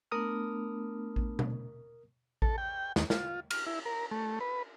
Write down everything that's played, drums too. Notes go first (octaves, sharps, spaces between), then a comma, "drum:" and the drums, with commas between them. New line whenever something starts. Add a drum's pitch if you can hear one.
A3 B3 D4 A#4 D#6 F6
drum: kick A1
drum: tom B2
A4, drum: kick A1
G5
D#2, drum: snare
F4, drum: snare
F6, drum: cymbal
E4
A#4
A3
B4